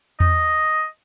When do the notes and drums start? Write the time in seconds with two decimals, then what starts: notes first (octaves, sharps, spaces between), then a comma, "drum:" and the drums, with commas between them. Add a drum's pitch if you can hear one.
0.20 D#5, drum: tom E2